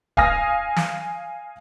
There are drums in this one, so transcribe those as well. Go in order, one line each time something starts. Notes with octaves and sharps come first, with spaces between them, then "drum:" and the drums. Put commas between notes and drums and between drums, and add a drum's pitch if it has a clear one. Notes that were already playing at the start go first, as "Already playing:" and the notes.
F5 G#5 D#6 F6 A#6, drum: kick D1
drum: snare